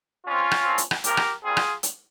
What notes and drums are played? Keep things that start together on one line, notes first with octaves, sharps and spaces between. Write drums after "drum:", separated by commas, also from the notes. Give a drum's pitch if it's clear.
C#3 G#3 C4 C#4 F4
drum: rim click
A#2 F3 C4
drum: hi-hat
drum: rim click
C3 F3 A#3 G4 A#4, drum: hi-hat
drum: rim click
A#2 G3 C4 F4 G#4
drum: rim click
drum: hi-hat